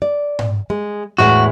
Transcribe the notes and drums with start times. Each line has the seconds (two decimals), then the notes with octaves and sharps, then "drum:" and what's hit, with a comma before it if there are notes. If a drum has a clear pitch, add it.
0.02 D5
0.39 drum: tom G#2
0.70 G#3
1.18 E2 A2 G#3 F#4